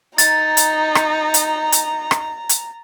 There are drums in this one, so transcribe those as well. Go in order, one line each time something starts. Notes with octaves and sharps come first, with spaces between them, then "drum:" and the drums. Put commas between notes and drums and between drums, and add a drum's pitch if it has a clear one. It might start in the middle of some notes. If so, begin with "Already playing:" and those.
D#4 A#5 A6, drum: hi-hat
drum: hi-hat
drum: rim click
drum: hi-hat
drum: hi-hat
drum: rim click
drum: hi-hat